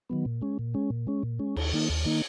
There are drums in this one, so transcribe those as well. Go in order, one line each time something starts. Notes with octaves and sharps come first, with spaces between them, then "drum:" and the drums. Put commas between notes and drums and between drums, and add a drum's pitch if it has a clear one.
D#3 F#3 B3
A#2
G#3 C#4
A#2
G#3 C#4
A#2
G#3 C#4
A#2
G#3 C#4
D#2, drum: cymbal
D#3 A#3 D#4
D#2
D#3 A#3 D#4